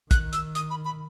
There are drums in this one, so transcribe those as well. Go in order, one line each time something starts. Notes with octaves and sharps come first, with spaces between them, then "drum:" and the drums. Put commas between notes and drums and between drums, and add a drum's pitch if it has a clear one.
D#3 F#6, drum: kick, hi-hat
E6, drum: hi-hat
D#6, drum: hi-hat
B5
B5